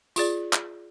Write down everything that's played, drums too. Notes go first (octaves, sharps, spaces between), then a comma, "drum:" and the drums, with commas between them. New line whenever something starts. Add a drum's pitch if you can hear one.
F4 G#4 D5, drum: tambourine
drum: clap